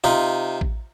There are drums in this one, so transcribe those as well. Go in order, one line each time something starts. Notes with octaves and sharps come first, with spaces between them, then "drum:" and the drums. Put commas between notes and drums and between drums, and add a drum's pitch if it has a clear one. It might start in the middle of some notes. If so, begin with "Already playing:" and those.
C3 D#4 F4
drum: kick A1